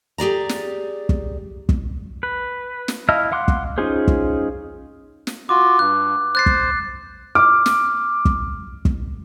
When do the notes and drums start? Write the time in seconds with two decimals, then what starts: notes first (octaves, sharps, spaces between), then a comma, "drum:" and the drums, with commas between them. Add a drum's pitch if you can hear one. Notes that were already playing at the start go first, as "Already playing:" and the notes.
0.18 G4 G#4 D5 A#5
0.49 drum: snare
1.09 drum: kick
1.69 drum: kick
2.23 B4
2.88 drum: snare
3.09 E4 D#5 F5 A5
3.32 F5 F#5 C6 D6 F#6
3.48 drum: kick
3.78 C#4 D#4 F4 G#4 C5
4.08 drum: kick
5.27 drum: snare
5.49 F4 F#4 D6
5.79 G2 F#6
6.35 C5 F#6 A6 C7
6.46 drum: kick
7.35 D6 F6
7.66 drum: snare
8.25 drum: kick
8.85 drum: kick